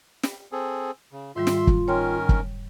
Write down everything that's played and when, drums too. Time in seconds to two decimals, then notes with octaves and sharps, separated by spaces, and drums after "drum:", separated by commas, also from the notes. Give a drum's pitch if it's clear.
0.23 drum: snare
0.52 C4 G#4 A4
1.12 C#3
1.36 G#2 D#3 G3 F4 E5 C6
1.47 drum: snare
1.67 drum: kick
1.88 D#3 C#4 A#4 C#5 G5 C6
2.29 drum: kick